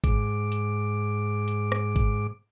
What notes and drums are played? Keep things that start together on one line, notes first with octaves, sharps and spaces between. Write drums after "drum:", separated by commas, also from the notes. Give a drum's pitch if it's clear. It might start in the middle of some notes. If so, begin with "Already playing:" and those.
G#2 D6, drum: kick G#1, hi-hat
drum: hi-hat
drum: hi-hat
drum: rim click
drum: kick G#1, hi-hat